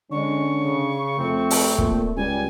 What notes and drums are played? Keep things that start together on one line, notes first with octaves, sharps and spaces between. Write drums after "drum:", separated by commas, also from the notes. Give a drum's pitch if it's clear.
D3 G#3 C#4 C#6
C#3
F2 A3 C4
drum: open hi-hat
A#2, drum: kick
C#2 G3 G#5